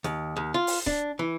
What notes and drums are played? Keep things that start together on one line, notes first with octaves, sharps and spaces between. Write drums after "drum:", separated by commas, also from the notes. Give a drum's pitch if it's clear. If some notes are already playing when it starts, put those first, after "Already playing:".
D#2, drum: hi-hat
D#2
F4
drum: open hi-hat
D4, drum: kick
E3